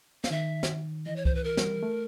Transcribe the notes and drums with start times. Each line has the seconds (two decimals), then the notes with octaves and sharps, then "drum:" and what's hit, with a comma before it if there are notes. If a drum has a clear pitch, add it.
0.24 F5, drum: snare
0.30 D#3 E5
0.63 drum: snare
1.06 E3 D#5
1.16 C#5
1.25 C5, drum: kick C2
1.35 B4
1.44 A#4
1.57 G3, drum: snare
1.83 A3